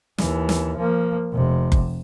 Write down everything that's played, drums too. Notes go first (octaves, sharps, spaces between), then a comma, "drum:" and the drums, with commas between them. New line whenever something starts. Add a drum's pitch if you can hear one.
D#2 E3, drum: snare
drum: snare
F3 A#3
F1 C3
drum: kick F#1